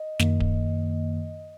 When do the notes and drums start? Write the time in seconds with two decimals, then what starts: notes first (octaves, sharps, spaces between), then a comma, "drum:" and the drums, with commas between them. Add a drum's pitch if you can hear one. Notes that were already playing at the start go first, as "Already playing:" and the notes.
Already playing: D#5
0.19 F#2 D#3 A#3, drum: snare
0.40 drum: kick D1